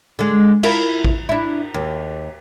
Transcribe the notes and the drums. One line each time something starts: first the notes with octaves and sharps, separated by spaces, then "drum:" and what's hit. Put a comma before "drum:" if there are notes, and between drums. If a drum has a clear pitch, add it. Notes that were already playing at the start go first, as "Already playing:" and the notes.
D3 G#3
E4 F4 A#4, drum: cymbal
drum: kick A1
D4 E4
D#2